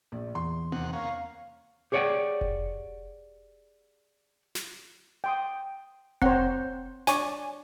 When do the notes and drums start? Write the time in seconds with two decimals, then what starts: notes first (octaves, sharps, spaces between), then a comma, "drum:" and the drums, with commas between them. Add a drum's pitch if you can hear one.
0.12 A#1 D5
0.35 E2 C6
0.72 D#2 C3 F#5, drum: tom B3
0.93 A#3 C#4 F5
1.92 G4 G#4 C#5 D5 F#5 G5
2.41 drum: kick F1
4.55 drum: snare
5.24 G5 C6 D#6
6.22 C4 C5 C#5 F#5 A#5, drum: kick F1
7.07 D4 C#5 D5 G#5 C#6, drum: snare